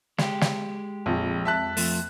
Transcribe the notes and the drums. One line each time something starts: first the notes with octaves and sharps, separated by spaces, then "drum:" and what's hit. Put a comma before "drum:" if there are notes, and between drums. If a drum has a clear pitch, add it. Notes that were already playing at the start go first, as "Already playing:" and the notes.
G#3 G4, drum: snare
drum: snare
A#1 F2
E5 A5 F#6
F3 A3, drum: open hi-hat